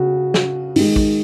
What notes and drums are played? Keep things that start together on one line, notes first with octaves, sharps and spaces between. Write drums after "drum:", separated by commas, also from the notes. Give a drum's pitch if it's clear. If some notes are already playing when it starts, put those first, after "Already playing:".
Already playing: C#3 F#4
drum: snare
D#3 G#3, drum: open hi-hat
drum: kick